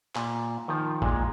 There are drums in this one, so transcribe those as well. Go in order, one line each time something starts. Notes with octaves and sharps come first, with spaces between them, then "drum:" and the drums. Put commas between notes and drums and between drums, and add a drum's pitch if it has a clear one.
A#2, drum: clap
D#3 F3
A#2 G#3, drum: kick